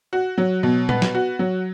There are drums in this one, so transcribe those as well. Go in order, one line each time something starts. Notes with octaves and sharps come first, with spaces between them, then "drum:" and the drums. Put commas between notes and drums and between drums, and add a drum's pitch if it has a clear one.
F#4
F#3
B2
B3, drum: tom A#2
drum: snare
F#4
F#3